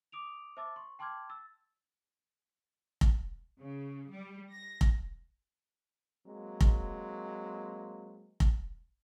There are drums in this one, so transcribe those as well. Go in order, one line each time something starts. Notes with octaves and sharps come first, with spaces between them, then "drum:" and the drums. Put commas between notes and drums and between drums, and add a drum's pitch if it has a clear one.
D6 D#6 D7 F7
C5 E5 A5 D6 E6 A6
C6 C#6
G5 A5 C6 D6 F6 G#6
E6 A6
drum: kick F1
C#3
G3
A#6
drum: kick F1
F#3 G#3 A#3 C4
drum: kick F1
drum: kick F1